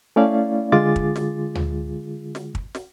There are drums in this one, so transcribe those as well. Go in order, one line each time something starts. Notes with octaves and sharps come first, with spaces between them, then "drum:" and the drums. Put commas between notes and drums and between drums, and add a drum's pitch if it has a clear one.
A3 C#4 E4 D5 F5
D3 G#3 F4 G#4 D6 A6
drum: kick
drum: snare
drum: tom D2
drum: snare
drum: kick
drum: snare